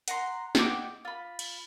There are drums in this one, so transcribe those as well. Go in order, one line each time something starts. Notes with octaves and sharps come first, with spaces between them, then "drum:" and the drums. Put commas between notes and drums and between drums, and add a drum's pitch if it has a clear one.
F#5 A#5 C6, drum: hi-hat
D#5 F#5 G5 D6, drum: snare
F4 B5
drum: cymbal